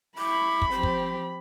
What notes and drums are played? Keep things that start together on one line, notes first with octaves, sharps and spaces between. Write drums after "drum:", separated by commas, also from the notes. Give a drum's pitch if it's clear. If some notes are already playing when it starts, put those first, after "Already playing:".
E4 B5 C#6 D6
drum: kick
F3 C4 G4 C5
drum: kick